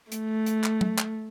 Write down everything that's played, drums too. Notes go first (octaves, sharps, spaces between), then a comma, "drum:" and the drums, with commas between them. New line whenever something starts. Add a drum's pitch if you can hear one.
A3, drum: hi-hat
drum: hi-hat
drum: clap
drum: tom
drum: clap